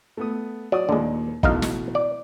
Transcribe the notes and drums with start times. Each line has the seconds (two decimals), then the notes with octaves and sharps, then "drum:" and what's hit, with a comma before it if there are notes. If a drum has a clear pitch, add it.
0.17 A3 B3 D#6
0.72 F#3 D5 D#6
0.89 D#2 A#2 D3 G#3
1.43 A1 B2 D#4 A4 D#5 F5, drum: kick
1.62 drum: snare
1.95 D5 D6